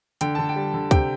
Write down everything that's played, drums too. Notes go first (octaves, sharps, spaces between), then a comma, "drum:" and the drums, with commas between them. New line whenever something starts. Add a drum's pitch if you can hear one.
D3 G5, drum: hi-hat
D3 A5
G5
G3
D3
C3 G5, drum: kick, hi-hat